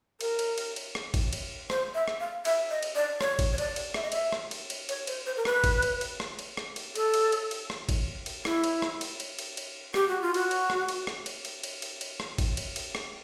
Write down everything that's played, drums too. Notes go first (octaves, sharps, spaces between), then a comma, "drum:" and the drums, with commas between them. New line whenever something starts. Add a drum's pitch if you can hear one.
A#4, drum: cymbal
drum: cymbal
drum: cymbal
drum: cymbal
drum: rim click
drum: kick G#1, cymbal
drum: cymbal
C5, drum: rim click
E5
drum: rim click
F5
E5, drum: cymbal
D#5
drum: cymbal
D5
C#5, drum: rim click
drum: kick G#1, cymbal
C#5
D5, drum: cymbal
drum: cymbal
E5, drum: rim click
D#5
E5, drum: cymbal
drum: rim click
drum: cymbal
drum: cymbal
C#5, drum: cymbal
C5, drum: cymbal
C5
A#4
B4, drum: rim click
drum: kick G#1, cymbal
drum: cymbal
drum: cymbal
drum: rim click
drum: cymbal
drum: rim click
drum: cymbal
A4, drum: cymbal
drum: cymbal
drum: cymbal
drum: cymbal
drum: rim click
drum: kick G#1, cymbal
drum: cymbal
E4, drum: rim click
drum: cymbal
drum: rim click
drum: cymbal
drum: cymbal
drum: cymbal
drum: cymbal
G4, drum: rim click
F#4
F4
F#4, drum: cymbal
drum: cymbal
drum: rim click
drum: cymbal
drum: rim click
drum: cymbal
drum: cymbal
drum: cymbal
drum: cymbal
drum: cymbal
drum: rim click
drum: kick G#1, cymbal
drum: cymbal
drum: cymbal
drum: rim click